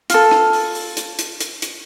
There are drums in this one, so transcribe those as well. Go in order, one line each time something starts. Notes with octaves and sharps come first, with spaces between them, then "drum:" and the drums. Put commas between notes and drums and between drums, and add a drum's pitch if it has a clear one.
F4 A4, drum: hi-hat
drum: rim click
drum: open hi-hat
drum: open hi-hat
drum: hi-hat
drum: hi-hat
drum: hi-hat
drum: hi-hat